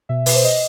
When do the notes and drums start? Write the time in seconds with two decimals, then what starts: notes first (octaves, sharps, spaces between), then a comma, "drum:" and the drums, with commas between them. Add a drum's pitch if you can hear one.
0.09 B2 E5
0.26 B2 B4, drum: open hi-hat
0.35 C5
0.44 D#5